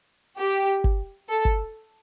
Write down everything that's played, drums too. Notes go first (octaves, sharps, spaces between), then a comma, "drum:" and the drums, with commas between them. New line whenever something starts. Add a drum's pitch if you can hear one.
G4
drum: kick G1
A4
drum: kick G1